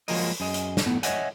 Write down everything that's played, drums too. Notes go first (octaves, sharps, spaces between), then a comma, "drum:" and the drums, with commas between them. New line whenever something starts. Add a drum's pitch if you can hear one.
F3 F#3 G#3 A#3 A#4 D#5, drum: open hi-hat
F#2 G#4 D#5
drum: hi-hat
drum: snare
A2 B3
C#5 D#5 E5 F#5 G#5, drum: hi-hat